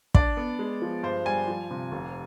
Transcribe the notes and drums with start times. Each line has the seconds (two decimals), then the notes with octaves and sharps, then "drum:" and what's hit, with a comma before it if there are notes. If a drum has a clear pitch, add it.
0.15 D4 D5, drum: kick
0.37 B3
0.59 G#3
0.82 F3
1.03 G2 C5
1.25 G3 G#5
1.48 F3
1.71 C3
1.92 F1